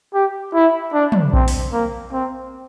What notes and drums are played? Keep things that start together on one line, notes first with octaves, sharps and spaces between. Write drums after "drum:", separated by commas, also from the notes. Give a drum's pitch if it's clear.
G4
E4
D4
drum: tom
C4, drum: kick A#1
drum: open hi-hat
A#3
C4